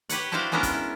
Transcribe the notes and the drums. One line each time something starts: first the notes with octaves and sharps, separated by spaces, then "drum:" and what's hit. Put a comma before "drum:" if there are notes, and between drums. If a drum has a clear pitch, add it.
G4 B4 C#5 F#5, drum: hi-hat
D4 E4 F#4 C5 D5 F5
G#3 B3 C#4 D4 E4 A#4
drum: kick, hi-hat
E4